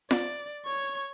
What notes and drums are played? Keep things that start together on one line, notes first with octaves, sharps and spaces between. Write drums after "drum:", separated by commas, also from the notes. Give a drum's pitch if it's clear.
D5, drum: snare F4
C#5 C#6